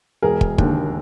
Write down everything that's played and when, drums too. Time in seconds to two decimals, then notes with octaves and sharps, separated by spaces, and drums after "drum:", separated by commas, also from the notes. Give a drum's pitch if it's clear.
0.22 E1 G#4 A#4
0.41 drum: kick
0.58 D#2 D3, drum: kick